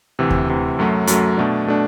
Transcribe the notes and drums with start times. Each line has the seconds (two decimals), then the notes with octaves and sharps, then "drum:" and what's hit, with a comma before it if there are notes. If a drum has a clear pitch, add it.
0.19 D2 C3 E3
0.30 drum: kick D#2
0.49 D2 C3 E3
0.79 F#2 F#3 A3
1.07 F#2 F#3 A3, drum: hi-hat
1.37 B2 A3 D4
1.67 B2 A3 D4